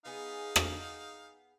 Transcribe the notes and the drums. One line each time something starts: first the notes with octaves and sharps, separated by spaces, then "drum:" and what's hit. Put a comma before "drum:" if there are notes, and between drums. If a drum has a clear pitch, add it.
B3 D#4 G#4 F5
drum: rim click